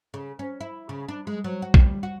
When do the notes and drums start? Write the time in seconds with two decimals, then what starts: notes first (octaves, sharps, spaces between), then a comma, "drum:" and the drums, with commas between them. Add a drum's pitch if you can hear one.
0.14 C#3
0.39 C#4
0.61 E4
0.89 C#3
1.08 D4
1.27 G#3
1.44 F#3
1.62 F#4
1.74 G3, drum: kick A#1
2.03 F#4